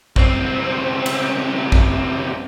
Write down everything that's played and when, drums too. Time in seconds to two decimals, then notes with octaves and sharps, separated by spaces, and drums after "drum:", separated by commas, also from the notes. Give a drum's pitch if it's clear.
0.16 C#2 C4, drum: kick
1.06 drum: cymbal
1.72 drum: kick